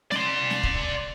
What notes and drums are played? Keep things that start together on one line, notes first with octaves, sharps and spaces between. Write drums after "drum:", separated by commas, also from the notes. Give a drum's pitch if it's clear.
D5 C6, drum: snare
drum: snare
drum: kick